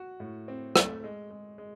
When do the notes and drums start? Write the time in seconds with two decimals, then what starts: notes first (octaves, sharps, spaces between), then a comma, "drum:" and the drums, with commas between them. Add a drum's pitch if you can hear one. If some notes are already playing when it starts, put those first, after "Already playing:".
Already playing: F#4
0.20 A2
0.48 C4
0.76 A3, drum: rim click
1.04 G#3
1.30 G#3
1.58 G#3